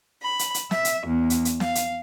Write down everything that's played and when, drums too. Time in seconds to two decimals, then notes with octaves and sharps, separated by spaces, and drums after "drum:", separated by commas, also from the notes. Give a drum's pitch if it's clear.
0.21 B5
0.39 drum: hi-hat
0.54 drum: hi-hat
0.71 E5, drum: snare
0.85 drum: hi-hat
1.05 E2
1.30 drum: hi-hat
1.45 drum: hi-hat
1.60 F5, drum: snare
1.75 drum: hi-hat